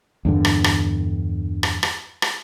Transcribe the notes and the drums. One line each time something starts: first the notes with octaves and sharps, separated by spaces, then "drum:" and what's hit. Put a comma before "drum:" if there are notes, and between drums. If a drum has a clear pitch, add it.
E2 G2 D3
drum: rim click
drum: rim click
drum: rim click
drum: rim click
drum: rim click